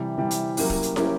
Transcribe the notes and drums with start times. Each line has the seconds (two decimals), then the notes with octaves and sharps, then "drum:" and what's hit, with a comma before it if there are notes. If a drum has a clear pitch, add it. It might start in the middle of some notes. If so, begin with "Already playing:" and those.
Already playing: C3 E3 G3
0.17 C3 E3 G3
0.31 drum: hi-hat
0.57 F#3 A#3 C#4 E4 G4, drum: open hi-hat
0.70 drum: kick
0.83 drum: hi-hat
0.96 F#3 A#3 C#4 E4 G4, drum: snare